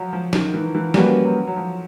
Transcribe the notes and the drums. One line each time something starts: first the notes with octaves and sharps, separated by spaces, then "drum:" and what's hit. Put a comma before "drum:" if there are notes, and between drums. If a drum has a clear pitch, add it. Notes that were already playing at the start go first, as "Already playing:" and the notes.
Already playing: F3 F#3
F3
D#3, drum: snare
E3
E3
F3 G3 A#3 C#4 F#4 B4, drum: snare
F#3
F#3
F3